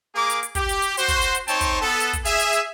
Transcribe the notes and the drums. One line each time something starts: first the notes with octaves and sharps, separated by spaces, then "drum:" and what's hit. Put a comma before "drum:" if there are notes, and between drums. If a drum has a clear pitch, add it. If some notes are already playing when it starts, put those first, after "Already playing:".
A#3 G#4 A#4 D6
drum: hi-hat
drum: hi-hat
G4, drum: kick, hi-hat
drum: hi-hat
drum: hi-hat
F#4 C5, drum: hi-hat
drum: kick, hi-hat
drum: hi-hat
drum: hi-hat
C4 D#4 C5 C#5 G5 A5, drum: hi-hat
drum: kick, hi-hat
B3 A4
drum: hi-hat
drum: kick, hi-hat
G#4 E5, drum: hi-hat
drum: hi-hat
drum: hi-hat